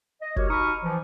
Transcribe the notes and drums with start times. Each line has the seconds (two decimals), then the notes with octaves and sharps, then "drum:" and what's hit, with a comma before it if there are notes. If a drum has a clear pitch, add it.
0.21 D#5
0.36 G#3 F#4 G4 A#4 C#5, drum: kick
0.49 B2 D#4 B5 C#6 D#6 F6
0.83 E3 F3